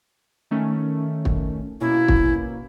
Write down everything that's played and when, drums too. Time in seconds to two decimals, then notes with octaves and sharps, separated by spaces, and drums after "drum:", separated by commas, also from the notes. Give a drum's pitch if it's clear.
0.51 D#3 A3 C#4
1.25 drum: kick
1.81 B2 A#3 C#4 E4
2.08 drum: kick